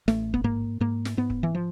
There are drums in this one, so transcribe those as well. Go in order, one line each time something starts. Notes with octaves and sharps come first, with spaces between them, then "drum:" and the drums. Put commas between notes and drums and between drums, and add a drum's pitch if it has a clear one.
A1 A3, drum: snare
B3, drum: kick
G#2 A#3
G#2 A#3
drum: snare
G#2 B3
drum: kick
E3
F3